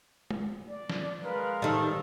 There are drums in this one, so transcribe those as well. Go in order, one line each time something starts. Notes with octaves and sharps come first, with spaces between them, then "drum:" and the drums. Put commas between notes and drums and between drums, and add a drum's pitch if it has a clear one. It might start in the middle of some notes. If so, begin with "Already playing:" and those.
drum: tom G#3
D5
drum: snare
G#3 A#4 B4 F5
D#3 G3 A4